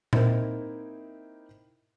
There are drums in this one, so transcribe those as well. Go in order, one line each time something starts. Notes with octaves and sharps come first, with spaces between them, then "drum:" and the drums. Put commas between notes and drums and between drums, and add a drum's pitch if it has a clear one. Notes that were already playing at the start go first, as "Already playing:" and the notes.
A#3 C4 D#4 E4, drum: tom A#2